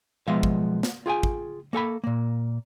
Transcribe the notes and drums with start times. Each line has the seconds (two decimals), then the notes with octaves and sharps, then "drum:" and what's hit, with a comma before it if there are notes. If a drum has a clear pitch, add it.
0.28 B1 F3 G#3 B3 E5 F5
0.43 drum: kick
0.83 drum: snare
1.06 F4 G#4 G5 G#5
1.23 drum: kick
1.73 A#3 A4 G#5 B5
2.04 A#2 A#3